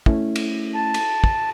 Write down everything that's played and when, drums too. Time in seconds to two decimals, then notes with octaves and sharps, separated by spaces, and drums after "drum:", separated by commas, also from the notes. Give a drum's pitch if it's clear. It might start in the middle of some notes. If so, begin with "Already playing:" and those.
0.06 A3 C#4 E4, drum: kick
0.36 drum: cymbal
0.75 A5
0.94 drum: cymbal
1.24 drum: kick